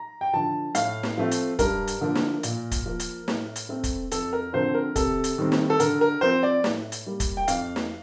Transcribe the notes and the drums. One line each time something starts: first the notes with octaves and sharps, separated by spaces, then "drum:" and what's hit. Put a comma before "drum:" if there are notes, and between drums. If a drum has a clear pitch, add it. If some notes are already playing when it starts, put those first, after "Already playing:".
Already playing: A#5
G5
D3 F3 A5
A2 F5, drum: hi-hat
drum: snare
F3 A3 C4
drum: hi-hat
G2 A#4, drum: kick, hi-hat
drum: hi-hat
D3 F3 A#3
drum: snare
A#2, drum: hi-hat
drum: kick, hi-hat
F3 A#3
drum: hi-hat
A2, drum: snare
drum: hi-hat
A3 C4
drum: kick, hi-hat
F2 A4, drum: hi-hat
A#4
D3 F3 A3 C4 C5
A#4
C3 A4, drum: kick, hi-hat
drum: hi-hat
D#3 G3 C4
drum: snare
A4
D3 A#4, drum: hi-hat
A#4
F3 C4 C5
D5
A2, drum: snare
drum: hi-hat
G3 A#3
drum: kick, hi-hat
G5
F2 F5, drum: hi-hat
drum: snare